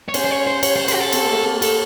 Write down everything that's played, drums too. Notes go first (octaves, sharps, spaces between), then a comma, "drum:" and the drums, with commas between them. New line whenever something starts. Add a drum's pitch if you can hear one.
C#5
C#4 C5, drum: cymbal
C5
C#5
C5
C#5, drum: cymbal
C5
C5, drum: cymbal
F#4
A4
C4, drum: cymbal
A#3
A3
A#3
A4, drum: cymbal